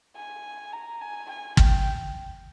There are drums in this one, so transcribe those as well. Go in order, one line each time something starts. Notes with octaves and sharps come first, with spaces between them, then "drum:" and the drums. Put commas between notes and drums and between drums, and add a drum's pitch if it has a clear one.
G#5
A#5
G#5
G#5
G5, drum: kick